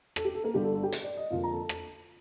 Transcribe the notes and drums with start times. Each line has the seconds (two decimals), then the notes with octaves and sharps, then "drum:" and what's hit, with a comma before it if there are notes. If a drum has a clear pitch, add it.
0.16 A4, drum: rim click
0.25 G4
0.35 A4
0.44 A#3 A#4
0.54 G1 G2 D3 G4
0.63 A4
0.74 A4
0.83 G4 G5
0.92 drum: hi-hat
1.04 D5
1.17 D#5
1.30 F2 D3 F3 A#3 F4 F5
1.43 A#5
1.50 A4 A5
1.69 drum: rim click